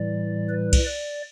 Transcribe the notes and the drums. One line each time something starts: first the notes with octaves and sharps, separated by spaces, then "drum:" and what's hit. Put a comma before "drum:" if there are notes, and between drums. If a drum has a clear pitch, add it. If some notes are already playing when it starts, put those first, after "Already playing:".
Already playing: A2 E3 G3 D5
B4
drum: kick, cymbal
D5